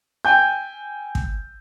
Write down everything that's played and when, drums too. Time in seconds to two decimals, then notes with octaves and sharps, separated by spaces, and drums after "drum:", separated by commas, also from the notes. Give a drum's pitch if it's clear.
0.25 G5 G#5 G6
1.15 drum: kick